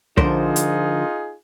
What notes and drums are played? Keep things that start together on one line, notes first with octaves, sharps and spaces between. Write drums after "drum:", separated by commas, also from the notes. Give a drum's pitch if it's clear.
D3 F3 D#4 F4 G#4 A#4 C5, drum: kick
drum: hi-hat